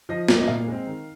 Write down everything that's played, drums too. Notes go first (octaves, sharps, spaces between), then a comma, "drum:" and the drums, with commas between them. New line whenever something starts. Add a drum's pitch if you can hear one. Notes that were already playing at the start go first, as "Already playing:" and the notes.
F3 D#5
A#3 D#4, drum: snare
D#5
A#2 F5
G#3 C4
D#3